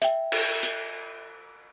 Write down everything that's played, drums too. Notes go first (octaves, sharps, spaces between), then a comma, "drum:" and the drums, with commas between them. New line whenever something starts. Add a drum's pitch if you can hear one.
E5 G5, drum: hi-hat
drum: cymbal
drum: hi-hat